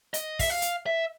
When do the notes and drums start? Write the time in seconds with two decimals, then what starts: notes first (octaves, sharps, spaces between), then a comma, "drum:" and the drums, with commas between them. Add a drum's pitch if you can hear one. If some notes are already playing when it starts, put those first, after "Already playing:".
0.14 D#5, drum: hi-hat
0.39 E5, drum: kick, open hi-hat
0.50 F5
0.62 drum: hi-hat
0.86 E5